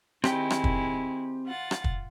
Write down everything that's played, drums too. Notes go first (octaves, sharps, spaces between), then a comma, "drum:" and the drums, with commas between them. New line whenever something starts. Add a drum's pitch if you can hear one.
D#3 G#3 C4 E4 G4 G5, drum: rim click
drum: rim click
drum: kick
F4 F#5 A6
drum: rim click
drum: kick